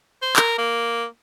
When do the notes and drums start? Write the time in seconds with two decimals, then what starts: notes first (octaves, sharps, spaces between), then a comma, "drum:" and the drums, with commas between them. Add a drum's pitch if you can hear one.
0.22 C5
0.36 A#4, drum: clap
0.58 A#3